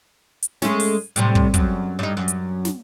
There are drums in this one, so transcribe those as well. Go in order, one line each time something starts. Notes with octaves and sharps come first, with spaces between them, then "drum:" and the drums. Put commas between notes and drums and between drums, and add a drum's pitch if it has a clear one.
drum: hi-hat
G#3 A3 C#4, drum: snare
drum: open hi-hat
A2 C3 G3, drum: hi-hat
drum: kick
F#2, drum: kick, hi-hat
G2 D#4
F#2
drum: hi-hat
drum: snare